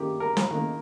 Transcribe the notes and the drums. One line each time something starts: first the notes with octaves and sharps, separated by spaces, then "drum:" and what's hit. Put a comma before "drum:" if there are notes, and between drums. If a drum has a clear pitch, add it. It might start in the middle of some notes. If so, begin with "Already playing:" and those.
Already playing: D#3 A#3 G4
A#4
drum: snare
D#3 A#3